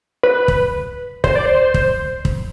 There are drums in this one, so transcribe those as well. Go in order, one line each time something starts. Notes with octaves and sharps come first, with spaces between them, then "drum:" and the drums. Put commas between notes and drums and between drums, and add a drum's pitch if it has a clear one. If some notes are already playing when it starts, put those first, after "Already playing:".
B4
drum: kick
C5, drum: kick
D5
C5
drum: kick
drum: kick